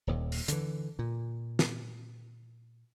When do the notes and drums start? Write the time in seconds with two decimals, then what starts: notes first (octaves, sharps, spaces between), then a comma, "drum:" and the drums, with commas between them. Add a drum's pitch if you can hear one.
0.07 D#1 D#2
0.32 drum: open hi-hat
0.48 D3 E3, drum: hi-hat
0.99 A#2
1.59 drum: snare